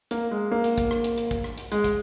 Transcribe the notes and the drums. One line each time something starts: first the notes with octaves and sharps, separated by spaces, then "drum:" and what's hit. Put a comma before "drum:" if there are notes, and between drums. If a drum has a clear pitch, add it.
A#3, drum: hi-hat
G#3
A#3
drum: hi-hat
drum: kick, hi-hat
drum: rim click
drum: hi-hat
drum: hi-hat
drum: kick, hi-hat
drum: rim click
drum: hi-hat
G#3, drum: hi-hat
drum: kick, hi-hat